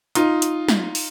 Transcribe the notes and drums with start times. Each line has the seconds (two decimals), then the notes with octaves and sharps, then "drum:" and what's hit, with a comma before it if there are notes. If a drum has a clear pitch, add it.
0.15 D#4 F4, drum: hi-hat
0.42 drum: hi-hat
0.68 drum: snare
0.95 drum: open hi-hat